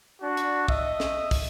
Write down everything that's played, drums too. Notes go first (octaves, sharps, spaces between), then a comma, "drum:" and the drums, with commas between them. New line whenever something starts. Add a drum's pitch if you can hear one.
D4 F#4
drum: hi-hat
D#5 E5, drum: kick
drum: snare
drum: kick, open hi-hat